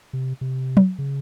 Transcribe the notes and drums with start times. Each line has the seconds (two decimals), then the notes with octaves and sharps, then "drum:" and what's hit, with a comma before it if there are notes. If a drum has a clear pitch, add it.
0.13 C3
0.41 C3
0.77 drum: tom F#3
0.99 C#3